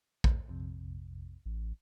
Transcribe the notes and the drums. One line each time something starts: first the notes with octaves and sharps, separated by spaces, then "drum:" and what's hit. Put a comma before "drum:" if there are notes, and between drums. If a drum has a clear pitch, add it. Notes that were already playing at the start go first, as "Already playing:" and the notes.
D#2, drum: kick A#1
A#1 F2 C3
A1